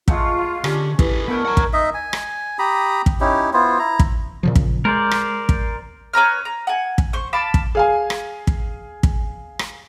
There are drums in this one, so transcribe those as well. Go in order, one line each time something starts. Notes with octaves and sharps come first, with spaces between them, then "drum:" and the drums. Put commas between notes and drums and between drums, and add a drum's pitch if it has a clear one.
G#3 A3 F4 F#5, drum: kick
D3 C#4 G4, drum: rim click
E4 G4 A4 B4, drum: kick
D3 A3 B3 E4 A#4
F#5 A#5
drum: kick
D#4 D#5 E5
G#5
drum: rim click
G4 A#5 B5 D#6
drum: kick
C#4 D#4 E4 G4
B3 E4 F4 C5
E4 A#5
drum: kick
A#2 C#3 F3
drum: kick
G#3 A#4 C5 D5
drum: rim click
drum: kick
B4 C#5 A#5 F6
A#5
F#5 G#5
drum: kick
C5 C#6
F5 A5 B5 D6
drum: kick
G#4 F5 G#5
drum: rim click
drum: kick
drum: kick
drum: rim click